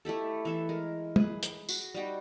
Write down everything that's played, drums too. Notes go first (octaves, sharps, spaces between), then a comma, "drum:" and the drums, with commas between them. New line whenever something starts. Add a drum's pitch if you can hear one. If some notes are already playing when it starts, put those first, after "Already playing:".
A3 E4 G4 A4
E3 A4 E5
G#3 A#4
G#4 B4, drum: tom
drum: hi-hat
F#4, drum: tambourine
G3 D#4 F#4 G5